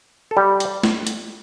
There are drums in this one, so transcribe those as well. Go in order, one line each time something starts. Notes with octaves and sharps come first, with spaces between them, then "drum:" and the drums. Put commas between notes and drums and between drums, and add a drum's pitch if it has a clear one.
A4
G3 G4
drum: hi-hat
drum: snare
drum: hi-hat